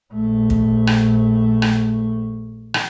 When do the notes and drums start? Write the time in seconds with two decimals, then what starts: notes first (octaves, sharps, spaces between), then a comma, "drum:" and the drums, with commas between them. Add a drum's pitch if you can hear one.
0.13 A#1 A3
0.50 drum: kick
0.87 drum: rim click
1.62 drum: rim click
2.74 drum: rim click